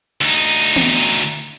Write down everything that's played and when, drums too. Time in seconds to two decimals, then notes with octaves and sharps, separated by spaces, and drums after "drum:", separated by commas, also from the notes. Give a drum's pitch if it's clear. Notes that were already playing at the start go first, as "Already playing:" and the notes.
0.21 D2 D#4, drum: hi-hat
0.39 drum: hi-hat
0.76 drum: tom B3
0.94 drum: hi-hat
1.13 drum: hi-hat
1.31 drum: hi-hat